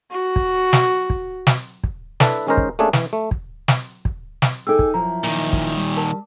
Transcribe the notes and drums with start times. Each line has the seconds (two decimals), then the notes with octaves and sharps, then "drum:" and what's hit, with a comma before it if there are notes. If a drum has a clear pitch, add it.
0.11 F#4
0.36 drum: kick
0.73 drum: snare
1.10 drum: kick
1.47 drum: snare
1.84 drum: kick
2.20 D4 E4 A4 B4 E5, drum: snare
2.47 D#3 G#3 C#4 D#4 A#4 C5
2.57 drum: kick
2.79 A3 A#3 C#4 D4 G#4 A4
2.93 E3, drum: snare
3.13 A3
3.31 drum: kick
3.68 drum: snare
4.05 drum: kick
4.42 drum: snare
4.67 D#4 G#4 A4 G5 E6
4.79 drum: kick
4.94 F#2 F3 E4 A#5
5.24 A#2 D#3
5.53 drum: kick
5.76 G3
5.97 A#4 A5